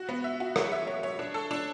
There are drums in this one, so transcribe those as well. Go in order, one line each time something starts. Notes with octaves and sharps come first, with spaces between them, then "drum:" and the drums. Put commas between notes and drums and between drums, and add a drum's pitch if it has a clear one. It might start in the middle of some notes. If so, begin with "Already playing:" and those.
Already playing: F#4
B3
E5
F#4
C#5, drum: rim click
E5
C#5
C#5
D4
A4
D4